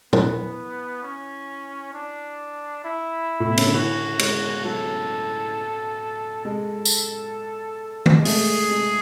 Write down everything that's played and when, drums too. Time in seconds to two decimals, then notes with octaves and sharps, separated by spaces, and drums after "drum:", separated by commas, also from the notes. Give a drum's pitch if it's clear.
0.13 E3 B3, drum: tom
1.03 C#4
1.94 D4
2.84 E4
3.40 A2
3.49 B2
3.57 C#3, drum: cymbal
3.66 D3
3.74 E3 F#4
4.19 G#3, drum: cymbal
4.64 F#3 A4
6.45 G#3 A4
6.85 drum: tambourine
8.06 drum: tom D#3
8.19 G#3
8.25 A3 G#4, drum: open hi-hat
8.70 G#3